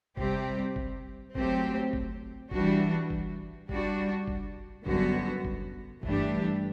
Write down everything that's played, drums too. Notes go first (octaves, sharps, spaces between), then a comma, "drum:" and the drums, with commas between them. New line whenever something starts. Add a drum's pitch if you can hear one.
C3 G3 C4 G4, drum: kick G1
drum: kick G1
F#3 A3 C4 G4 C5, drum: kick G1
drum: kick G1
E3 G3 D4 F#4, drum: kick G1
drum: kick G1
G3 D4 F#4, drum: kick G1
drum: kick G1
F#2 D3 G3 B3 F#4, drum: kick G1
drum: kick G1
G2 E3 A3 D4 G4, drum: kick G1